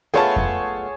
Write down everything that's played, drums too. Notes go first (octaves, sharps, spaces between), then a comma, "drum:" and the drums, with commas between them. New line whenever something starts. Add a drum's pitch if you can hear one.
A3 B3 F4 G#4 C#5 A5
drum: kick F2